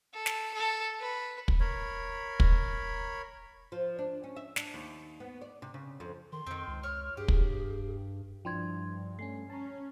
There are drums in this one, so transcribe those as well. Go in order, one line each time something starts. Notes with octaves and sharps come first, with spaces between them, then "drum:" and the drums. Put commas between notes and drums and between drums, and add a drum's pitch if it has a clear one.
A4
drum: snare
A4
B4
drum: kick
A#4 C#5 B5
drum: kick
F3
D4
C#4
E5
D4, drum: snare
D#2
B3
D5
C3
C#3
F2
D#3 C6
F2 D#3 C4
C#2
C#5 F6
G2 G4 G#4
drum: kick
G2 F3 D4 E4 G5 C6 G#6
A3 C#4 G#5 C7
C#4 A5 A#5